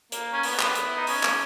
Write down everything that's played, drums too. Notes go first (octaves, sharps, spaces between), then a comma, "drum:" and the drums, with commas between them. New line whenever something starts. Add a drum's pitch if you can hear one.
A#3, drum: hi-hat
C#4
B3, drum: open hi-hat
drum: clap
drum: hi-hat
E4
D#4
C#4, drum: open hi-hat
drum: clap